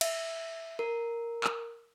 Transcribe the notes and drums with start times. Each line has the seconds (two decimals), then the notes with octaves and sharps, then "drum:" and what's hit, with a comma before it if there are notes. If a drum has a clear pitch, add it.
0.01 E5, drum: cymbal
0.79 A#4
1.44 drum: clap